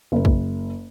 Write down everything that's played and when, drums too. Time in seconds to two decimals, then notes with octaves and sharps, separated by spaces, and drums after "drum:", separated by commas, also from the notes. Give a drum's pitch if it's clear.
0.12 F#1 A#4
0.25 drum: kick